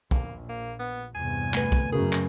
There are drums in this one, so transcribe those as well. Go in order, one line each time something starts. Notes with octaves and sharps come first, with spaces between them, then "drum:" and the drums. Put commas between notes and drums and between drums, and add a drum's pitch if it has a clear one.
A#1 A#3, drum: kick B1
A#3
B3
E2 G2 C3 G#5
A3 B4, drum: clap
drum: kick B1
F#2 C#3 F#4 G#4 A#4
drum: clap